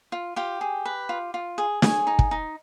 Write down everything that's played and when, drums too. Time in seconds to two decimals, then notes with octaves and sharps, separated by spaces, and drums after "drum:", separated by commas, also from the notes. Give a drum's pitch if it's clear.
0.12 F4
0.36 F4 G4 G5
0.61 G#4
0.85 B4
1.09 F4
1.34 F4
1.58 G#4
1.82 G#4 C#5 G#5, drum: snare
2.07 D#4
2.19 drum: kick
2.31 D#4